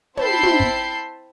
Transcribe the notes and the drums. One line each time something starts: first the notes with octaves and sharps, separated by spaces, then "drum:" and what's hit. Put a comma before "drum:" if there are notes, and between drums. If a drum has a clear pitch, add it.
C4 E4 A5 B5 G6 C7, drum: tom
drum: tom
drum: kick